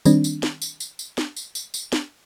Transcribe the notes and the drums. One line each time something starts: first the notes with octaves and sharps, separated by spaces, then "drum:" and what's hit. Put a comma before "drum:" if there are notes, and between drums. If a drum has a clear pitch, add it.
D#3 G3 C4 D4, drum: tambourine
drum: tambourine
drum: snare
drum: tambourine
drum: tambourine
drum: tambourine
drum: snare
drum: tambourine
drum: tambourine
drum: tambourine
drum: snare